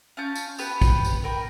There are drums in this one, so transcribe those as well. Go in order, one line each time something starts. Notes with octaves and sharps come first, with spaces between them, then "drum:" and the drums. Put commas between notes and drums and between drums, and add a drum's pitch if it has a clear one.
C#4 F4 A5 G6
drum: tambourine
B3 G4 B4, drum: tambourine
drum: kick, tambourine
drum: tambourine
A#4 G5 B5